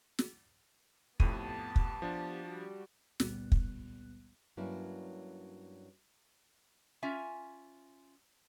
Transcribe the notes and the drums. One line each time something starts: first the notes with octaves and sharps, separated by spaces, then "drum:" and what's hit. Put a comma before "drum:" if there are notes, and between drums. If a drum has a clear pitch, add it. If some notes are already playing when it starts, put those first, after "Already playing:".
drum: snare
F2 A2 B3 G4 A5 D#7, drum: kick
drum: kick
F3 D4
G3 F#4
G1 C#2 A#2 G3 B3 F#6, drum: snare
drum: kick
G2 F#3 A#3 C#4 E4
C#4 F4 E5 G#5